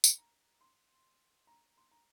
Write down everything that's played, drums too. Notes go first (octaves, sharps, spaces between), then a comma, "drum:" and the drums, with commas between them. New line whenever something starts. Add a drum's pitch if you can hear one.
C6, drum: tambourine
A#5
C6
A#5
C6
A#5